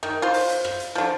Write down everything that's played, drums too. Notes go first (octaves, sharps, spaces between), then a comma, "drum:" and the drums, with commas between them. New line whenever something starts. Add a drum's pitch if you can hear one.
D#3, drum: rim click
F4 C5
drum: open hi-hat
drum: hi-hat
drum: rim click
drum: hi-hat
D3 F3